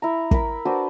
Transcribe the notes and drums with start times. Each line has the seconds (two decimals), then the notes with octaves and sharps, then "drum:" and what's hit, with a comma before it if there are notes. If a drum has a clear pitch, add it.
0.02 E4 A#5
0.31 A#4 B5, drum: kick
0.65 D4 F#4 B4 C5